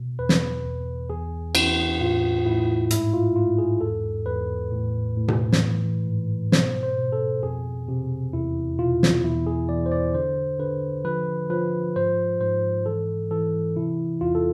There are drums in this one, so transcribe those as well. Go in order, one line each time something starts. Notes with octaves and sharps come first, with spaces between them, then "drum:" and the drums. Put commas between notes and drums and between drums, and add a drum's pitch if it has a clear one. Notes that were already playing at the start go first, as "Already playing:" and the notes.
Already playing: B2
E2 B4
drum: snare
E2
E2 G#4
E2 E4, drum: cymbal
A2 F4
A2 E4
G#2 E4, drum: hi-hat
F4
G#2 F4
G#4
E2 A4
E2 B4
A2
A2
drum: tom B2
drum: snare
E3
G#2
B2 C5, drum: snare
C5
B2
A4
F2 G#4
C3
E2 E4
B2 F4
drum: snare
E2 E4
G#4
E2 D5
C5
D5
D3 C5
D3 B4
F3 B4
F3 B4
G#2 C5
G#2 C5
E3 A4
E3 A4
C3 E4
E2 F4
A4